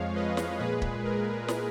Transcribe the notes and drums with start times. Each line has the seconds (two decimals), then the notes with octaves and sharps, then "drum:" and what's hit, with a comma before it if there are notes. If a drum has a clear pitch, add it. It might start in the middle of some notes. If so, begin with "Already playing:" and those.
Already playing: F2 F3 G#3 C#5 F5
0.15 B4 D#5
0.37 drum: snare
0.59 A#2 G#3 G#4 B4
0.82 drum: kick
1.04 A#4
1.48 drum: snare